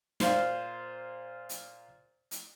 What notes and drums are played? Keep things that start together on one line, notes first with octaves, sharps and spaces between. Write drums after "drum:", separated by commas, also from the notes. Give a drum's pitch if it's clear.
A#2 C5 F5, drum: snare
drum: hi-hat
drum: hi-hat